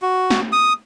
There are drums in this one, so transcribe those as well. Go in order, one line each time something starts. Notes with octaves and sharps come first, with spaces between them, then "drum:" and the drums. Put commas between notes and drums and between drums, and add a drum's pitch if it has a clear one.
F#4
drum: snare
D#6